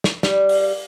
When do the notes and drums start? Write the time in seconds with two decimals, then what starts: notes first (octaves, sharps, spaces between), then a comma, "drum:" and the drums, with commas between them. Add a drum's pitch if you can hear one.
0.04 drum: snare
0.23 G3, drum: snare
0.49 drum: open hi-hat